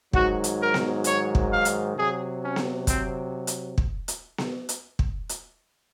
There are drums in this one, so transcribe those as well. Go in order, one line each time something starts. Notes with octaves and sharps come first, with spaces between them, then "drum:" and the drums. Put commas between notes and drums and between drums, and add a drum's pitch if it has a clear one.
G#2 D#3 F#3 F#4, drum: kick
drum: hi-hat
A#4
drum: snare B3
C#5, drum: hi-hat
drum: kick
F5
drum: hi-hat
C3 F#3 G#4
C#4
drum: snare B3
C4, drum: kick, hi-hat
drum: hi-hat
drum: kick
drum: hi-hat
drum: snare B3
drum: hi-hat
drum: kick
drum: hi-hat